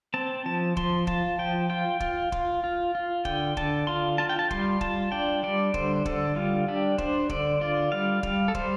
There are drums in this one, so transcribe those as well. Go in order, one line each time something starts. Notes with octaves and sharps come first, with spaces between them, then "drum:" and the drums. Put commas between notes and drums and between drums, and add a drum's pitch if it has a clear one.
C4 A5
F3 A5
F3 C6, drum: kick
F4 A5, drum: kick
F3 G5
F4 G5
F4, drum: kick
F4, drum: kick
F4
F4
D3 G5, drum: kick
D3 A5, drum: kick
F4 C6
F4 A5
G5
A5
G3 C6, drum: kick
F4 A5, drum: kick
D4 G5
G3 D5
D3 C5, drum: kick
D3 A4, drum: kick
G3 F4
D4 G4
D4 C5, drum: kick
D3 D5, drum: kick
F4 D5
G3 F5
G3 F5, drum: kick
A4
G3 C5, drum: kick